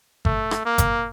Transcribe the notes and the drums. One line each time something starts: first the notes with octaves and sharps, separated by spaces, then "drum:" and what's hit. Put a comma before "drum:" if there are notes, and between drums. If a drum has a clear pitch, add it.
A3, drum: kick G1
drum: rim click
A#3
drum: kick G1, hi-hat